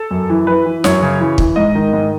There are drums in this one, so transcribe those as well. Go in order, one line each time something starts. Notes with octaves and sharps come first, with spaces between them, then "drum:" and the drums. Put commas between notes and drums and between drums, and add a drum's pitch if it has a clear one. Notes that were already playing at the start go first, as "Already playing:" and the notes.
Already playing: A4
F#2
E3
E3 B4
E3
F#2 C#5, drum: snare
C#3
E3
E3, drum: kick
G#2 D#5
D#3
G#2